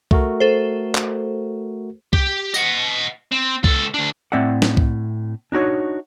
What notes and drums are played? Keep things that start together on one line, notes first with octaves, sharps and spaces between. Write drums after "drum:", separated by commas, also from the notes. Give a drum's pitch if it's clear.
A3 F#4 A#4, drum: kick C2
A4 C5
drum: clap
G4, drum: kick C2
D#5 F#5, drum: tambourine
C4
C#2 A4, drum: kick C2
D2 D4
A2 C4 D5 E5 F#5
drum: snare
drum: kick C2
D4 D#4 F#4 C#5